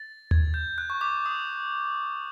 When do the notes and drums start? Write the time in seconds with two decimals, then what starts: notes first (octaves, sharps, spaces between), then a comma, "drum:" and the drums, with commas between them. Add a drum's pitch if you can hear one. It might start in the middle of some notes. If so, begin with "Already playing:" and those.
Already playing: A6
0.31 G#6, drum: tom D#2
0.54 G6
0.78 F#6
0.90 C#6
1.01 D6
1.26 D#6